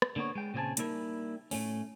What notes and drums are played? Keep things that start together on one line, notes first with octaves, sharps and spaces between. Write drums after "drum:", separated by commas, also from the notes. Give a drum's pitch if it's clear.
drum: rim click
D3 A#3 B3 C#5
G#3 G5
A#2 C#3 C4 F4 G#5 A5
G3 A#3 D#4 E4 A#4, drum: hi-hat
A2 A3 C#4, drum: open hi-hat